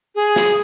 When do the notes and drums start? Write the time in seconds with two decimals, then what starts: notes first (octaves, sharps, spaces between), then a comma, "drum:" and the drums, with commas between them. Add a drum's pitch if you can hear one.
0.15 G#4
0.36 drum: snare